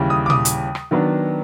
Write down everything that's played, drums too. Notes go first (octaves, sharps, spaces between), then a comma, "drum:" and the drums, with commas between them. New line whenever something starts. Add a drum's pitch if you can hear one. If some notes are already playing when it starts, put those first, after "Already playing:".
Already playing: D#2 C#3 E3 G3
D#6
D6
D#6, drum: tom A#2
drum: hi-hat
drum: rim click
D#3 F#3 B3 D4